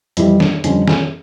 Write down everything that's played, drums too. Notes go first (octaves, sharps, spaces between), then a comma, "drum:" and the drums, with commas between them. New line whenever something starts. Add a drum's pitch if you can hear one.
F2 E3 G3 E4, drum: hi-hat
D4, drum: snare
F2 D3 G3 C#4, drum: hi-hat
C#4, drum: snare